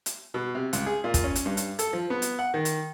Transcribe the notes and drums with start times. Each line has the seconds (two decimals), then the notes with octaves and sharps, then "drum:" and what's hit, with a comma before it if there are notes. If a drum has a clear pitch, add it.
0.06 drum: hi-hat
0.34 B2
0.55 C3
0.73 C#2, drum: hi-hat
0.86 G#4
1.04 A#2
1.14 drum: kick, hi-hat
1.24 C#4
1.35 drum: hi-hat
1.46 G2
1.57 drum: hi-hat
1.79 A4, drum: hi-hat
1.93 F3
2.10 B3
2.22 drum: hi-hat
2.39 F#5
2.54 D#3
2.65 drum: hi-hat